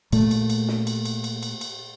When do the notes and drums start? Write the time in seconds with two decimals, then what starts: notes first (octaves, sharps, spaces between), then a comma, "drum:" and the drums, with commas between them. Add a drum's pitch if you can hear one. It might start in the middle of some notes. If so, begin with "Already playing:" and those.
0.12 A#2 A3, drum: cymbal
0.31 drum: cymbal
0.50 drum: cymbal
0.68 drum: snare
0.87 drum: cymbal
1.05 drum: cymbal
1.24 drum: cymbal
1.43 drum: cymbal
1.61 drum: cymbal